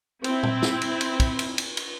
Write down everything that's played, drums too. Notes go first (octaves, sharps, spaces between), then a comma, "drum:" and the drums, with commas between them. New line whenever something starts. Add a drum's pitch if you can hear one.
C4 E4, drum: cymbal
drum: tom A#2
drum: snare
drum: cymbal
drum: cymbal
drum: kick, cymbal
drum: cymbal
drum: cymbal
drum: cymbal